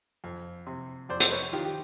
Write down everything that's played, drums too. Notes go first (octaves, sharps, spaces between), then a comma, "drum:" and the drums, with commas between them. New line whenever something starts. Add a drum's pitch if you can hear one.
F2
C3
F2 C5 D5
C5, drum: hi-hat
B4 C#5
D#3 F4 G4
G4